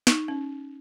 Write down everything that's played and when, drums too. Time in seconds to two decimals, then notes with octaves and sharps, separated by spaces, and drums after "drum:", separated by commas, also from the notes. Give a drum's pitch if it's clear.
0.07 D#4, drum: snare
0.28 C#4